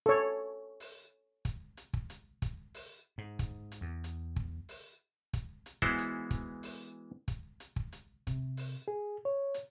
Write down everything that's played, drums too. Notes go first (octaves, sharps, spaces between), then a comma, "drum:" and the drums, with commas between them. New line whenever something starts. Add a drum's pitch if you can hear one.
A4 C#5
drum: open hi-hat
drum: kick, hi-hat
drum: hi-hat
drum: kick
drum: hi-hat
drum: kick, hi-hat
drum: open hi-hat
G#2
drum: kick, hi-hat
drum: hi-hat
E2
drum: hi-hat
drum: kick
drum: open hi-hat
drum: kick, hi-hat
drum: hi-hat
E3 G#3 B3 E4 F#4 C5, drum: kick
drum: hi-hat
drum: kick, hi-hat
drum: open hi-hat
drum: kick, hi-hat
drum: hi-hat
drum: kick
drum: hi-hat
C3, drum: kick, hi-hat
drum: open hi-hat
G#4
C#5
drum: hi-hat